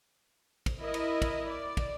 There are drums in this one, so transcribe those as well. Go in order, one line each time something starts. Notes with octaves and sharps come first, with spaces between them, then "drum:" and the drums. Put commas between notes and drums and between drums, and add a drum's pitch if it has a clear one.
drum: kick, cymbal
E4 A#4 D#5
drum: cymbal
drum: kick, cymbal
D5
drum: kick, cymbal